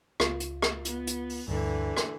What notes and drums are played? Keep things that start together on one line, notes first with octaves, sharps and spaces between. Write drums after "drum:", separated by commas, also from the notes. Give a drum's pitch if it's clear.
C#2 F4, drum: rim click
drum: hi-hat
drum: rim click
B3, drum: hi-hat
drum: hi-hat
drum: open hi-hat
D2 G2 D3 E3
drum: rim click